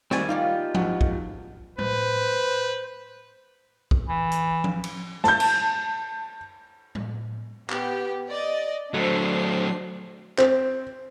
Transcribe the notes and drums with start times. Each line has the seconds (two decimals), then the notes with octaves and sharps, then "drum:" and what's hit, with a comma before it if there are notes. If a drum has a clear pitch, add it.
0.11 D#3 G3 C4 F#4 D5 G#5, drum: snare
0.29 A#3 D#4 F4 G4 D5 F5
0.75 G#1 F#4 F#5, drum: tom F3
1.01 drum: kick A#1
1.79 B4 C5, drum: tom A2
3.91 drum: kick A#1
4.08 E3
4.32 drum: hi-hat
4.64 drum: tom F3
4.84 drum: cymbal
5.24 A5 G6, drum: snare
5.40 drum: cymbal
6.95 drum: tom A2
7.70 B3 G4, drum: clap
8.31 D5 D#5
8.94 F#3 A3 D4 C5 C7
10.38 C4, drum: clap